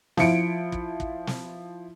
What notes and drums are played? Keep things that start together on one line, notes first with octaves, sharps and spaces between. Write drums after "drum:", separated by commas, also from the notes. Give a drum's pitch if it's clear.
F3 E4 C#7 D7, drum: snare
drum: kick
drum: kick
drum: snare